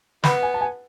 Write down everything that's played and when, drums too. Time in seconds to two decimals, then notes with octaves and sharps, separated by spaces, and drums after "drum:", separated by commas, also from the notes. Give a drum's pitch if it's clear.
0.24 B3 B5, drum: snare
0.42 G#5
0.54 A5
0.61 G#5